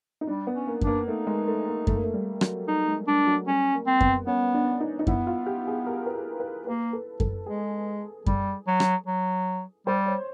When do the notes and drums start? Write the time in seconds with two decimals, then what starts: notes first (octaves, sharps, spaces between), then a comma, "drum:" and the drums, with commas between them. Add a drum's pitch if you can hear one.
0.21 D#4
0.27 G3 D4
0.47 B3
0.55 C#4
0.67 A#3
0.81 D4, drum: kick F#2
0.87 A#3
1.08 A3 D#4
1.27 G#3
1.48 A3
1.67 A#3
1.87 A3, drum: kick F#2
1.96 A#3
2.04 A3
2.14 G3
2.41 F#3, drum: rim click
2.68 G3 D#4
2.88 G#3
3.08 G3 D4
3.27 F#3
3.47 G3 C#4
3.74 A#3
3.87 C4
4.01 B3, drum: kick F#2
4.27 B3 C#4
4.54 D4
4.80 D#4
4.99 D#4
5.07 B3 E4, drum: kick F#2
5.27 F4
5.46 G4
5.67 G#4
5.86 A#4
6.06 B4
6.14 A#4
6.40 B4
6.67 A#3 B4
6.93 A4
7.20 A4, drum: kick F#2
7.46 G#3 G#4
8.26 G3, drum: kick F#2
8.67 F#3
8.80 drum: rim click
9.06 F#3
9.87 G3 C5
10.06 C#5